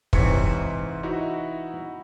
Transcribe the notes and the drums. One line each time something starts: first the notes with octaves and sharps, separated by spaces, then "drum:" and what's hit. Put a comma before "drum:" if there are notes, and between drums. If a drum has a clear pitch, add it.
G#2 C3 E3 C#5 C#7, drum: kick
D#4 E4 F#4